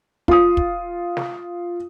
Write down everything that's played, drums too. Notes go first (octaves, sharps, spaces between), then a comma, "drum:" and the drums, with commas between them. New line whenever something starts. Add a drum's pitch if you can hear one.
F4 D#6, drum: kick
drum: kick
drum: snare